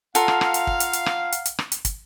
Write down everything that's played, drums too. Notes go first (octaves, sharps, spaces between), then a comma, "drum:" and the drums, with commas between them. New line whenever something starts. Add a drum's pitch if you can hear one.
F4 A4 F5 F#5 A#5, drum: hi-hat
drum: rim click
drum: rim click
drum: hi-hat
drum: kick
drum: hi-hat
drum: hi-hat
drum: rim click
drum: hi-hat
drum: hi-hat
drum: rim click
drum: hi-hat
drum: kick, hi-hat